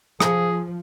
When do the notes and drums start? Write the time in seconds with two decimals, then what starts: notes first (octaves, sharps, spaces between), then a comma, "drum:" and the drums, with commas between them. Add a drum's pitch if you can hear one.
0.20 F3 G#4, drum: rim click